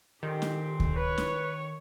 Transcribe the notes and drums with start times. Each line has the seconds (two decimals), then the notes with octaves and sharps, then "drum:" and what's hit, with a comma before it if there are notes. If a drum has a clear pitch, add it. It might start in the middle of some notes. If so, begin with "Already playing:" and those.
0.23 F2 A#2 D#3 C4 G4
0.42 drum: snare
0.80 drum: kick D2
0.96 B4 C#5
1.18 drum: snare